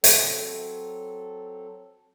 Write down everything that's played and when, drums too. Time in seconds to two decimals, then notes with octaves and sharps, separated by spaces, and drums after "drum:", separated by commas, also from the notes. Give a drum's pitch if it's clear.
0.04 F#3 C4 A4, drum: hi-hat